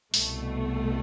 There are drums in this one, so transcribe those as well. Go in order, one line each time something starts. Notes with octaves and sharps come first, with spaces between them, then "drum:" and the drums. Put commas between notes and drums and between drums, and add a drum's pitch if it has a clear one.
C2 B2 A3, drum: open hi-hat